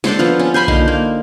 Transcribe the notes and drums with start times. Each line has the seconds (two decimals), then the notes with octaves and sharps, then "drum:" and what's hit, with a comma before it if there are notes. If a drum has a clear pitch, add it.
0.04 D4 A4 C5 C#5, drum: snare
0.19 F3 B3 F4
0.39 C#4
0.54 C5 G#5 B5 C6
0.68 D3 A#3 D#4 C5, drum: kick B1
0.88 A#3